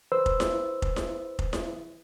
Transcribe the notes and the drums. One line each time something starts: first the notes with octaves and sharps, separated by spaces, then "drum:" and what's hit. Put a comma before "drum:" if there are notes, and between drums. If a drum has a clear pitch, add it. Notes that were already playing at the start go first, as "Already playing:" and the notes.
B4 C5 E6
drum: kick
drum: snare E4
drum: kick
drum: snare E4
drum: kick
drum: snare E4